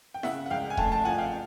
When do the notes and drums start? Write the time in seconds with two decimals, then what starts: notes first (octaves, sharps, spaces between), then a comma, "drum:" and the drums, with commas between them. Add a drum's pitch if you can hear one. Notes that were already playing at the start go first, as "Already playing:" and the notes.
0.14 G5
0.23 C#3 E5 F#5, drum: snare E4
0.46 F#5
0.50 C#2 F5 G5
0.70 G#5
0.77 A3 G5 A5, drum: kick E1
0.92 G5 A5
1.05 F3 F#5 G#5
1.18 F5 G5